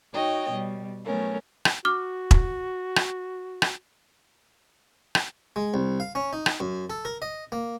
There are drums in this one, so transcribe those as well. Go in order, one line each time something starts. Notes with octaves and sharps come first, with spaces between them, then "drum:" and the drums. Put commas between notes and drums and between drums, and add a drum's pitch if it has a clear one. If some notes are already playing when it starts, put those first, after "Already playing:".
D#4 F#4 C#5 D#5 G5
B2 G3
F#3 A3 B3 C#4 A#4
drum: rim click
F#4 D6 F6
drum: kick E1
drum: rim click
drum: rim click
drum: rim click
G#3
C2
F5
C#4
D#4
drum: rim click
F#2
A4
A#4
D#5
A#3